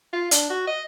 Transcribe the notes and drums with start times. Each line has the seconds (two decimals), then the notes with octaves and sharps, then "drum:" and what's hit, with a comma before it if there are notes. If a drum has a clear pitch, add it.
0.13 F4
0.31 D4, drum: hi-hat
0.50 F#4
0.67 D#5